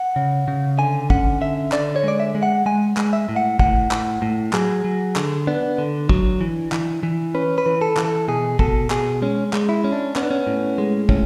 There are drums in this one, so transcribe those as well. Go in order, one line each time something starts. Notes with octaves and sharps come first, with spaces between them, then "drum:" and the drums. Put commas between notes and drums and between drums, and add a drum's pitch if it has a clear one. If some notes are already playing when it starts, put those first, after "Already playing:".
Already playing: F#5
C#3
C#3
D3 G#5
C#4 F#5, drum: kick
D3 E5
D3 D5, drum: clap
C#5
G#3 D5
E5
G#3
F#5
G#3 G#5
G#3, drum: clap
E5
A2
F#5
A2 F#5, drum: kick
A2, drum: clap
A2
F#3 G#4, drum: clap
F#3
D3, drum: clap
B3 D4
D3
F#3, drum: kick
E3
E3, drum: clap
E3
C#4 B4
B4
E3
A4
E3, drum: clap
A4
B2 G#4
B2 A4, drum: kick
B2 G#4, drum: clap
G#3 C#4
G#3, drum: clap
E4
C#4
D4
B3 C#4, drum: clap
D4
C#4
A2
G#3
A2 C#4, drum: kick